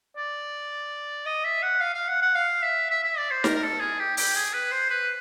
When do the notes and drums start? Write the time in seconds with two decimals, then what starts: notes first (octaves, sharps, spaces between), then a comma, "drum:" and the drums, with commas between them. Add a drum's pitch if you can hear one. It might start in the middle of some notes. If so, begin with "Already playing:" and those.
0.17 D5
1.26 D#5
1.44 E5
1.63 F#5
1.81 F5
1.94 F5
2.08 F#5
2.22 F#5
2.35 F5
2.63 E5
2.90 E5
3.04 E5
3.17 D5
3.31 C5
3.44 A#4, drum: snare D#4
3.55 A#4
3.63 A4
3.81 G#4
3.99 G4
4.17 G4, drum: open hi-hat
4.35 G#4
4.54 B4
4.72 C5
4.90 B4